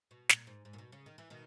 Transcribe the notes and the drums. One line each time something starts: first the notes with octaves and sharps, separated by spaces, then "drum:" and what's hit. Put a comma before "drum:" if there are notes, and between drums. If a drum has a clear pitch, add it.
B2
A#2, drum: snare
G#2
G#2
A#2
B2
C#3
D#3
E3
B2 D#3